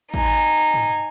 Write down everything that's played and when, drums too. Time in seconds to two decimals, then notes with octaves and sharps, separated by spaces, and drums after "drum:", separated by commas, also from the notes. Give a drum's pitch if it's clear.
0.14 D#4 G#5, drum: kick
0.74 drum: tom